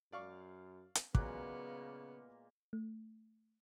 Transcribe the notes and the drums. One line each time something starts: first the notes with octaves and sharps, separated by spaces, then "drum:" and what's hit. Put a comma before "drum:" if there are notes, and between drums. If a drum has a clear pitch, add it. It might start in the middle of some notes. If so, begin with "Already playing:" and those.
F#2 D5 F5 C#6
drum: hi-hat
A#2 C#3 F#3 G#3 A#3 B3 D6 F#6, drum: kick
A3